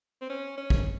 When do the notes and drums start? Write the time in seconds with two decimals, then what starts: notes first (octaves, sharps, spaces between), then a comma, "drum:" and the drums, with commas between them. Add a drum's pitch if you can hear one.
0.22 C4
0.29 C#4
0.58 C#4
0.70 drum: kick